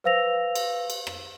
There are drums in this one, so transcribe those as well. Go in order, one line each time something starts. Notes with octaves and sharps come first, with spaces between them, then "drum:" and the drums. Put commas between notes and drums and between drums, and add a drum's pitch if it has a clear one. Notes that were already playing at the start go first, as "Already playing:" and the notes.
B4 C5 F5 E6 A#6 F7
drum: cymbal
drum: cymbal
drum: rim click